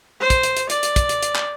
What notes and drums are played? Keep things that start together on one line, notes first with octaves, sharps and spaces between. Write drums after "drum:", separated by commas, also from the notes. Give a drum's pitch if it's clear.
C5
drum: kick, hi-hat
drum: hi-hat
drum: hi-hat
D5, drum: hi-hat
drum: hi-hat
drum: kick, hi-hat
drum: hi-hat
drum: hi-hat
drum: clap